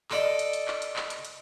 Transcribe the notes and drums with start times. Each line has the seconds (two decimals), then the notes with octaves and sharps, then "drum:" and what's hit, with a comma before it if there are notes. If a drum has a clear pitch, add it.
0.11 A4 D5 D#5, drum: clap
0.39 drum: hi-hat
0.53 drum: hi-hat
0.68 drum: clap
0.82 drum: hi-hat
0.96 drum: clap
1.10 drum: hi-hat
1.25 drum: hi-hat